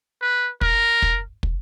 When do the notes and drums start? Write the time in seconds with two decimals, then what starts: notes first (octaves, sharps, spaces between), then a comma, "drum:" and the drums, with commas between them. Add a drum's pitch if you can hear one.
0.22 B4
0.61 A#4, drum: kick
1.02 drum: kick
1.43 drum: kick